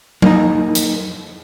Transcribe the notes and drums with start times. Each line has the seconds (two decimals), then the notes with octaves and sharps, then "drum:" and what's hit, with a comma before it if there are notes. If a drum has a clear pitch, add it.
0.22 A#3 D#4, drum: tom F#3
0.75 drum: hi-hat